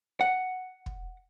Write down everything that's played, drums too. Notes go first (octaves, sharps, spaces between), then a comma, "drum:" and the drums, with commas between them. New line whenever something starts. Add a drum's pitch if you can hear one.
F#5
drum: kick